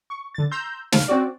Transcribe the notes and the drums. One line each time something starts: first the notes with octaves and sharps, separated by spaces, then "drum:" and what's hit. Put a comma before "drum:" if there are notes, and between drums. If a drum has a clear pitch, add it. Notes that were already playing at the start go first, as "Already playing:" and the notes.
C#6
D3 A6
A#5 C6 E6 G6
F5, drum: snare
C4 C#4 F#4 D5